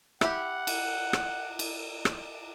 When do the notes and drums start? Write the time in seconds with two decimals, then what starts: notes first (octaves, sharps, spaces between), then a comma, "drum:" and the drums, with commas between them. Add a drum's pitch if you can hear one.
0.21 E4 G4 F#5, drum: rim click
0.67 drum: cymbal
1.13 drum: rim click
1.59 drum: cymbal
2.05 drum: rim click